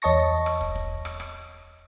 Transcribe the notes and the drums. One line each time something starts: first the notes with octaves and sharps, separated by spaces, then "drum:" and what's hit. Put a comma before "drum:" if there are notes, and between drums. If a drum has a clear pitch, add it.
E2 C#5 D#5 A5 C#6 A#6
drum: rim click
drum: kick
drum: kick
drum: rim click
drum: rim click